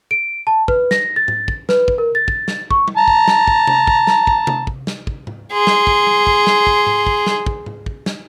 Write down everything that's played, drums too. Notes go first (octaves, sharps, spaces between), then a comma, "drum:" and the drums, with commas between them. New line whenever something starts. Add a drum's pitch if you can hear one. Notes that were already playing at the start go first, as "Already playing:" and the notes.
D7
A5
B4, drum: kick
A#6, drum: snare
A6
drum: tom G#2
drum: kick
B4, drum: snare
drum: kick
A#4
A6
drum: kick
drum: snare
C#6, drum: kick
drum: tom G3
A5 A#5
drum: kick
drum: snare
drum: kick
drum: tom C3
drum: kick
drum: snare
drum: kick
drum: tom C3
drum: kick
drum: snare
drum: kick
drum: tom G#2
G#4 C6
drum: snare
drum: kick
drum: tom G3
drum: kick
drum: snare
drum: kick
drum: tom G#2
drum: kick
drum: snare
drum: kick
drum: tom G#2
drum: kick
drum: snare